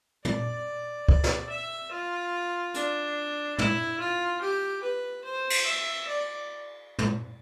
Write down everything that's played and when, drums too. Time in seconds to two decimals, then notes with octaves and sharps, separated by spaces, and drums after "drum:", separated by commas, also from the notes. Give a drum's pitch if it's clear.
0.25 D5, drum: tom
1.09 D5, drum: kick C#2
1.24 drum: snare
1.50 E5
1.92 F4
2.74 D4, drum: hi-hat
3.59 E4, drum: tom
4.00 F4
4.41 G4
4.83 B4
5.25 C5
5.50 drum: cymbal
5.66 E5
6.08 D5
6.99 drum: tom